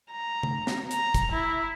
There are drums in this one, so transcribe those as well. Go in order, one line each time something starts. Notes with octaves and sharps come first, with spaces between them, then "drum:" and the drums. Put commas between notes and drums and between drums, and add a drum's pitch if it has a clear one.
A#5
drum: tom C#3
drum: snare
A#5, drum: hi-hat
drum: kick, hi-hat
E4